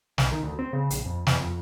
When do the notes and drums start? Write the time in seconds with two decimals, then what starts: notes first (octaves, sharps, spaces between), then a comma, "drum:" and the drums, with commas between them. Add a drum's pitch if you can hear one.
0.18 B1, drum: snare
0.32 D#3
0.43 D2
0.59 C4
0.73 C#3
0.90 A#1, drum: hi-hat
1.06 F2
1.27 E2, drum: snare
1.40 F2